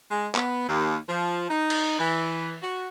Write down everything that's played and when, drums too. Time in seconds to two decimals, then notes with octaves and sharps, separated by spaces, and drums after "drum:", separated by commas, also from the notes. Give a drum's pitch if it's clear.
0.11 G#3
0.35 B3, drum: clap
0.68 D#2
1.09 F3
1.49 D#4
1.70 drum: cymbal
1.99 E3
2.62 F#4